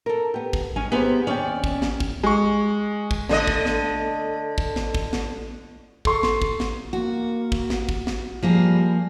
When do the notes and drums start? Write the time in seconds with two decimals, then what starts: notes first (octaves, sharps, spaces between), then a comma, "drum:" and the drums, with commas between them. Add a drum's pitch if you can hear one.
0.06 A4 A#4
0.34 B3 G4
0.53 drum: kick
0.76 G#3 C#4 G#5
0.92 B3 G4 G#4 C5 E5 A#5
1.27 D#2 C#4 C#5 D5 G5
1.64 drum: kick
1.82 drum: snare
2.00 drum: kick
2.24 G#3 C#6
3.11 drum: kick
3.29 D3 A3 D#5, drum: snare
3.47 drum: kick
3.66 drum: snare
4.58 drum: kick
4.76 drum: snare
4.95 drum: kick
5.13 drum: snare
6.05 A4 C6 C#6, drum: kick
6.23 drum: snare
6.42 drum: kick
6.60 drum: snare
6.93 A#3 F#4
7.52 drum: kick
7.70 drum: snare
7.89 drum: kick
8.07 drum: snare
8.42 F3 G3 A#3 G#4